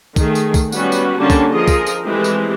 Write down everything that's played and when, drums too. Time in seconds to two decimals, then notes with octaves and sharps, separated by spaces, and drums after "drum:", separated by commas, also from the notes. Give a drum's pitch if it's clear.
0.16 D#3 A3 G#4, drum: kick, tambourine
0.35 drum: tambourine
0.54 drum: kick, tambourine
0.72 F#3 G3 B3 C#4 F#4 B4, drum: tambourine
0.92 drum: tambourine
1.18 D3 G3 A#3 C#4 A5
1.30 drum: kick, tambourine
1.52 F3 F4 G#4 A#4 D#5
1.68 drum: kick, tambourine
1.87 drum: tambourine
2.02 E3 G#3 A3 C4 G4
2.24 drum: tambourine